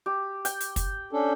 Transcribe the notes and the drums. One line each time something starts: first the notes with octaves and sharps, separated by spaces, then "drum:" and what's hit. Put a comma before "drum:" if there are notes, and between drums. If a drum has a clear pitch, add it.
G4
G5, drum: hi-hat
drum: hi-hat
drum: kick, hi-hat
C#4 D4 A4